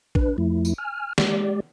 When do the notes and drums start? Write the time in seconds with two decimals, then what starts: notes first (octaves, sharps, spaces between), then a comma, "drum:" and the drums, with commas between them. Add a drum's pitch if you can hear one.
0.15 D4 B4, drum: kick
0.38 F2 F3 A3 E4
0.65 drum: tambourine
0.78 G#5 F6
1.18 G#3 G4 D5, drum: snare